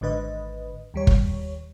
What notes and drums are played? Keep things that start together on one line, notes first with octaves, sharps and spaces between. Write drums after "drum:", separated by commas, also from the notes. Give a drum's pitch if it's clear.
G#1 G#2 D3 B4 D#5
D#2 G3 C#5
drum: kick